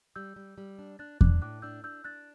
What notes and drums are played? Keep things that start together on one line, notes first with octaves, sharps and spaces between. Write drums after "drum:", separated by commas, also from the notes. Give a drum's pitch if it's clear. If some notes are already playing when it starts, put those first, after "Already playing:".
G3 E6 G6
G3
G3
D4
D4 F#6 A6
D4 D6 F#6, drum: kick E2
A2 D6 F#6
D4 E6 G6
D4 E6 G6
D4 F#6 A6